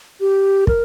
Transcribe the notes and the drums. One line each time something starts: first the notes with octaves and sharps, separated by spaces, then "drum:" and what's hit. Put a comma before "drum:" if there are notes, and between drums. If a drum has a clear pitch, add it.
G4
A#4, drum: kick